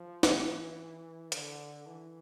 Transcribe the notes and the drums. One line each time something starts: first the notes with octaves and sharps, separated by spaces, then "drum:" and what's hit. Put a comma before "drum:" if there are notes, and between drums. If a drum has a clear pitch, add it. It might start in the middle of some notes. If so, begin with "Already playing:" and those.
Already playing: F3
E3, drum: snare
D3, drum: hi-hat
E3